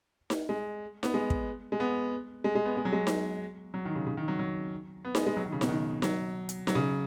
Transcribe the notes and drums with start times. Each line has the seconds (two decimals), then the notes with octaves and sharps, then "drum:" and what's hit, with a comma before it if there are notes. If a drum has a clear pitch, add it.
0.30 drum: snare D#4
0.49 G#3
1.03 B3, drum: snare D#4
1.14 G#3
1.30 drum: kick
1.72 G#3
1.80 B3
2.44 G#3
2.55 G#3
2.66 B3
2.77 G#3
2.85 F#3
2.93 G#3
3.07 drum: snare D#4
3.74 F#3
3.85 D#3
3.95 C#3
4.07 C#3
4.17 D#3
4.28 F#3
4.39 F#3
5.05 B3
5.15 G#3, drum: snare D#4
5.27 G#3
5.37 F#3
5.46 D#3
5.52 C#3
5.61 B2, drum: snare D#4
5.69 D#3
6.02 F#3, drum: snare D#4
6.49 drum: hi-hat
6.67 F#3, drum: snare D#4
6.75 C#3